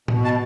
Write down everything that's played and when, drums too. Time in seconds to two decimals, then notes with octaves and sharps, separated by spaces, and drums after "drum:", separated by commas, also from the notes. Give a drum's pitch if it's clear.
0.08 B2, drum: tom A2
0.24 A5